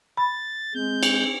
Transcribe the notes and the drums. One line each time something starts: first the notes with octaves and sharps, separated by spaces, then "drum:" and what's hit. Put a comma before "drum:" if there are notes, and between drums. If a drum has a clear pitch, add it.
B5 A6
G#3 C4 G6
drum: cymbal